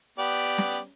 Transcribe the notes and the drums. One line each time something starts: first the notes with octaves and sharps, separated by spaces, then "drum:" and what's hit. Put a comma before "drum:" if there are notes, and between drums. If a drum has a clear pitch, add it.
B3 G4 D5, drum: hi-hat
drum: hi-hat
drum: hi-hat
drum: snare
drum: hi-hat